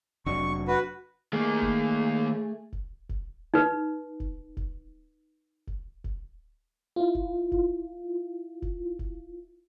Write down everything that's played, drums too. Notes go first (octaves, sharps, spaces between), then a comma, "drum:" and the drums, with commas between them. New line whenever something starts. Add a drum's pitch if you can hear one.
F1 F#3 D4 C#6
F#4 B4
D#3 A3 A#3 G#4
drum: kick F1
drum: kick F1
drum: kick F1
D#4 B4
drum: kick F1
drum: kick F1
drum: kick F1
drum: kick F1
E4 F4
drum: kick F1
drum: kick F1
drum: kick F1
drum: kick F1